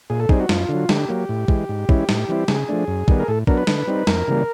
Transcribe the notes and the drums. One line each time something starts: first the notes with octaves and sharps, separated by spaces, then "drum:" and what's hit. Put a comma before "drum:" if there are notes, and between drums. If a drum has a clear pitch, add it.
A#2 G#4
A4
G3 C4 D#4 G#4, drum: kick
F#4
F#2 F4, drum: snare
D3 F#3
D3 G4, drum: snare
F#3 A#3
A2
E3 G#3, drum: kick
G#2
E3 G#3 C#4 E4, drum: kick
A2, drum: snare
E3 G3 C4 E4
C#3 G#4, drum: snare
F3 A3 D4
F#2
D#3 G3 B3, drum: kick
A#4
A2 A4
F#3 B3 D4 A#4, drum: kick
B4
D3, drum: snare
G3 C4 D#4
F2 A#4, drum: snare
C#3 E3 G3 A#3